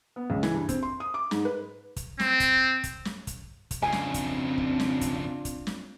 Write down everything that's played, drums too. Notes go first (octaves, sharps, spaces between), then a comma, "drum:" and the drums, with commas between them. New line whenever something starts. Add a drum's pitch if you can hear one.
B3
C#2
E3, drum: snare
G2
C4, drum: kick, hi-hat
C6
D#6
D6
G#2, drum: snare
B4
drum: kick, hi-hat
C4, drum: snare
drum: kick, hi-hat
drum: kick, hi-hat
drum: snare
drum: kick, hi-hat
drum: kick, hi-hat
F2 C#3 C4 D4 F4 G#5
drum: snare
drum: kick, hi-hat
drum: kick
drum: snare
drum: kick, hi-hat
drum: kick, hi-hat
drum: snare